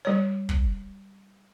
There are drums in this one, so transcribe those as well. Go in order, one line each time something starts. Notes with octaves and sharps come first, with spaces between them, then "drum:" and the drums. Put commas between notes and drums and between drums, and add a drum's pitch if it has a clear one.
G3 C#5
drum: kick